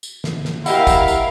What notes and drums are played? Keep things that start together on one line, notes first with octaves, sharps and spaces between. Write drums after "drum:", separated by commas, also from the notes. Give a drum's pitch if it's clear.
drum: tambourine
drum: snare
drum: snare
E4 G4 A#4 D#5 F5 F#5, drum: tambourine
drum: kick, tambourine
drum: tambourine